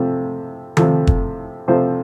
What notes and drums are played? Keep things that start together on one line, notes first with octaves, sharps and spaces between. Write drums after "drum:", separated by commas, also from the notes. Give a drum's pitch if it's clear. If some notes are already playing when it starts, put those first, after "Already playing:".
Already playing: C3 F3 A3
C3 F3 A3, drum: tom D#3
drum: kick
C3 F3 A3 C5